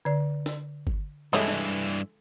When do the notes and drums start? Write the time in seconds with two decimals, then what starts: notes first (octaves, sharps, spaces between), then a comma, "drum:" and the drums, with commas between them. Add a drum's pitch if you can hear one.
0.05 D3 D5
0.46 drum: snare
0.87 drum: kick G1
1.33 G2 E3 G#3 E4 G4 A4 C#5 D#5
1.48 drum: snare